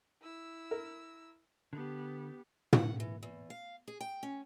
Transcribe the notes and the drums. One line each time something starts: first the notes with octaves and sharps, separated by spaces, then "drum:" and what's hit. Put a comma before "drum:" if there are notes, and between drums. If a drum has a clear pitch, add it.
E4 E6
A#4
D3 B3 G4
F#5, drum: tom
E3
E2
F5
G#4
G5
C#4